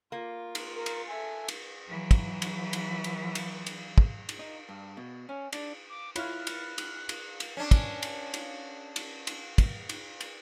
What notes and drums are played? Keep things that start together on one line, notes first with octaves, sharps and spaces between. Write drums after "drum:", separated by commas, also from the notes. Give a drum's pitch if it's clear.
A#3 F4
drum: cymbal
A#4
drum: cymbal
A4 E5 G#5
drum: cymbal
E3 F#3
drum: kick, cymbal
drum: cymbal
drum: cymbal
drum: cymbal
drum: cymbal
drum: cymbal
drum: kick
drum: cymbal
D#4
G2
B2
C#4
D4, drum: cymbal
D6
E4 F4 C#5 B5 F6 F#6, drum: cymbal
drum: cymbal
drum: cymbal
drum: cymbal
drum: cymbal
C#4 D4
drum: kick, cymbal
drum: cymbal
drum: cymbal
drum: cymbal
drum: cymbal
drum: kick, cymbal
drum: cymbal
drum: cymbal